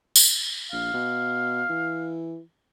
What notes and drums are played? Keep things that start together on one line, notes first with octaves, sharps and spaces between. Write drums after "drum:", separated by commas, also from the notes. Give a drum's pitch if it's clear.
drum: tambourine
A#1 F5
B2
E3